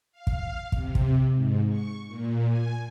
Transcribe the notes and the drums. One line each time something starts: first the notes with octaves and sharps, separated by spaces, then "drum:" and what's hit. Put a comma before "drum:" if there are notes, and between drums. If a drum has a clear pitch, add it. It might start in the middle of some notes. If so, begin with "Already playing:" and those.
F5
drum: kick
C3, drum: kick
drum: kick
G#2
C#6
A#2
G#5